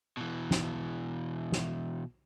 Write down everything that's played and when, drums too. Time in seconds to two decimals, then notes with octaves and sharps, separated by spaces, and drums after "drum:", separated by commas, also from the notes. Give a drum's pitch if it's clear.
0.17 B2 E3
0.51 drum: snare
1.52 drum: snare